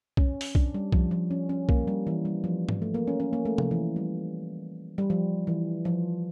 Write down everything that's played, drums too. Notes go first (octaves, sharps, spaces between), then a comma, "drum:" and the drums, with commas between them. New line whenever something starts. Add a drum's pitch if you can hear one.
C#4, drum: kick
drum: open hi-hat
D4, drum: kick
G3
F3, drum: kick
F3
C#4
C#4
A#3, drum: kick
G3
E3
G3
F3
drum: tom G#2
A3
A#3
C#4
C#4
A#3
A3
F3, drum: tom C3
E3
G3
G3
F3
E3
F3